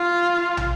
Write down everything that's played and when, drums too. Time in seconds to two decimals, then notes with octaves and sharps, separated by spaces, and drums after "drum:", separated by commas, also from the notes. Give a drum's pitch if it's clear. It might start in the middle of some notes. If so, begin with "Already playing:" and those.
Already playing: F4
0.57 drum: tom